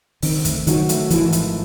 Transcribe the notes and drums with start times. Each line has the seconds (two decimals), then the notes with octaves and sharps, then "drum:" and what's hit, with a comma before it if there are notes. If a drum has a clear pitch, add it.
0.23 D#3 C4, drum: open hi-hat
0.45 A3, drum: kick, hi-hat
0.67 D#3 F#3, drum: hi-hat
0.89 A3, drum: hi-hat
1.10 G#1 E3, drum: hi-hat
1.32 F3, drum: hi-hat